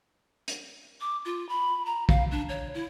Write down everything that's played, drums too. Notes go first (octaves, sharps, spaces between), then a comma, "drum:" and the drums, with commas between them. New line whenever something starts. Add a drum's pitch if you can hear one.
drum: hi-hat
D6
F4
B5
A#5
F5, drum: kick
D4
C#5
E4